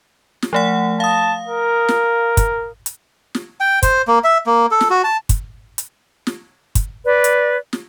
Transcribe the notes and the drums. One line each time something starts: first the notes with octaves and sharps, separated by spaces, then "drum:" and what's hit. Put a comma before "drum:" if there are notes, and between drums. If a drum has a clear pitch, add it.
drum: snare
F3 A3 F#5
F5 A5 D#6
A#4
drum: snare
drum: kick, hi-hat
drum: hi-hat
drum: snare
G5
C5, drum: kick, hi-hat
A#3
E5
A#3
A4
drum: snare
F#4
A5
drum: kick, hi-hat
drum: hi-hat
drum: snare
drum: kick, hi-hat
B4 D5
drum: hi-hat
drum: snare